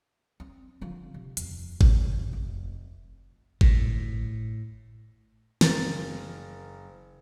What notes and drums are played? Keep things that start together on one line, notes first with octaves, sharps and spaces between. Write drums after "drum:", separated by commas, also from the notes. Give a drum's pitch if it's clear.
C4
D3 F3
C3
D#1 F2, drum: hi-hat
F#2 C3, drum: kick G#1
F1
A2, drum: kick G#1
F#1 A#4 A6, drum: snare